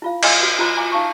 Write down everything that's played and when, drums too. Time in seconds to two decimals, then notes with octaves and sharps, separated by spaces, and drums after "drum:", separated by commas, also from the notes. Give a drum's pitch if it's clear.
0.02 E4 F4 F5
0.23 E4 D#5 F5 G#5 C6 E6, drum: cymbal
0.40 F#4 B4
0.58 E4 F4 C5 A#5 C6
0.77 G#5 A#5 D6
0.92 D#4 F5 A5 C#6